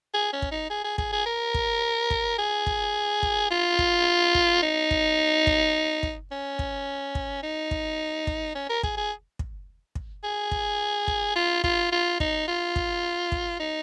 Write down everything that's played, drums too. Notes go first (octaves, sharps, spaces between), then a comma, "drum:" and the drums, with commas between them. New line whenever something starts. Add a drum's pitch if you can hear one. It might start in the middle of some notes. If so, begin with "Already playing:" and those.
G#4
C#4
drum: kick
D#4
G#4
G#4
G#4, drum: kick
G#4
A#4
drum: kick
drum: kick
G#4
drum: kick
drum: kick
F4
drum: kick
drum: kick
D#4
drum: kick
drum: kick
drum: kick
C#4
drum: kick
drum: kick
D#4
drum: kick
drum: kick
C#4
A#4
G#4, drum: kick
G#4
drum: kick
drum: kick
G#4
drum: kick
drum: kick
F4
F4, drum: kick
F4
D#4, drum: kick
F4
drum: kick
drum: kick
D#4